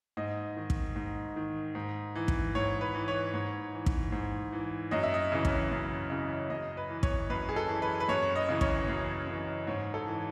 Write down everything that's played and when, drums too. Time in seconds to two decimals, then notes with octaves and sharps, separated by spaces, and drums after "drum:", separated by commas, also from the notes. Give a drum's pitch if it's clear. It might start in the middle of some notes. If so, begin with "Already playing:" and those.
0.17 G#2 D#5
0.57 D#3
0.70 drum: kick
0.96 G#2
1.36 D#3
1.75 G#2
2.15 E3
2.28 drum: kick
2.55 G#2 C#5
2.81 B4
2.95 E3
3.08 C#5
3.33 G#2 C#5
3.74 E3
3.86 drum: kick
4.12 G#2
4.52 E3
4.91 F#2 D#5
5.03 E5
5.14 D#5
5.32 C#3 E3
5.45 drum: kick
5.71 F#2
6.10 C#3 E3
6.50 F#2 D#5
6.77 B4
6.90 E3
7.03 C#5, drum: kick
7.30 F#2 B4
7.49 G#4
7.56 A4
7.68 E3
7.82 B4
8.00 B4
8.08 F#2 C#5
8.22 C#5
8.36 D#5
8.49 C#3 E3
8.61 C#5, drum: kick
8.88 F#2
9.27 C#3 E3
9.67 G#2 C#5
9.94 A4
10.07 E3